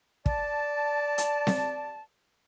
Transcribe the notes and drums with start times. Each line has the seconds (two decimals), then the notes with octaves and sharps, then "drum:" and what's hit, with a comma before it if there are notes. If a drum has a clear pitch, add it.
0.26 D5 A5, drum: kick
1.18 drum: hi-hat
1.47 drum: snare C4